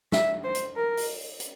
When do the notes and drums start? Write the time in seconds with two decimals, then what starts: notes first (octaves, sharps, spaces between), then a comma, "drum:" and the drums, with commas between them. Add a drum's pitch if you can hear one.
0.12 E5, drum: snare
0.44 C5
0.55 drum: hi-hat
0.76 A#4
0.97 drum: open hi-hat
1.40 drum: hi-hat